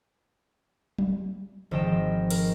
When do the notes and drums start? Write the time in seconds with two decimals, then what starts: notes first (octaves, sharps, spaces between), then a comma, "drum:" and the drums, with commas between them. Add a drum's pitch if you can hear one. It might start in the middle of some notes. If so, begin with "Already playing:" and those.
0.98 drum: tom F#3
1.71 G#1 F3 D#5 G5 E7
2.30 A#4, drum: cymbal